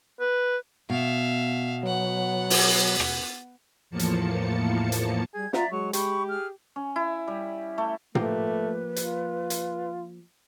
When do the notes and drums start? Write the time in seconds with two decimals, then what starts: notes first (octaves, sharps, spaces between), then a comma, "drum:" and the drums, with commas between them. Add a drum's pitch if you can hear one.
0.20 B4
0.90 B2 E5 F5
1.83 F#3 B3 F#5
2.50 drum: open hi-hat
2.99 drum: rim click
3.90 E2 A2 F3 A#3 A5 C#7
3.99 drum: hi-hat
4.92 drum: hi-hat
5.35 G3 G#4 G#6
5.53 F4 D5 E5 F#5 A#5, drum: snare
5.70 F#3 G#3 C#6
5.93 G4 B5 C#6, drum: hi-hat
6.28 G#4 F6
6.76 C#4
6.96 E4
7.28 G3
7.78 A3
8.15 F3 A3 A#3 G4 B4, drum: tom
8.96 F4, drum: hi-hat
9.50 drum: hi-hat